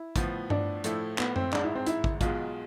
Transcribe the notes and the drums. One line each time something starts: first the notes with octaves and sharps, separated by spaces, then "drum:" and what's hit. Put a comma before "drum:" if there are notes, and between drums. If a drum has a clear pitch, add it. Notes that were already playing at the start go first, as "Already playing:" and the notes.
Already playing: E4
A2 F3 B3, drum: kick, hi-hat
D4, drum: tom G2
A2 F3 A3 E4, drum: hi-hat
B3, drum: clap
C4, drum: tom F#2
A1 G#2 G#3 D4, drum: clap
E4
C4
E4, drum: hi-hat
drum: kick
B1 B2 G#3 F4, drum: kick, hi-hat